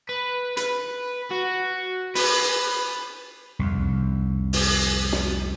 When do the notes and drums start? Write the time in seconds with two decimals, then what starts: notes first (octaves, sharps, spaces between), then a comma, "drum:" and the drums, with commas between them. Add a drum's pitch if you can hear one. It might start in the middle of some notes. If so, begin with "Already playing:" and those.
0.09 B4
0.57 B4, drum: hi-hat
1.31 F#4
2.15 B4, drum: open hi-hat
3.59 C2 F2
4.53 drum: open hi-hat
5.12 drum: snare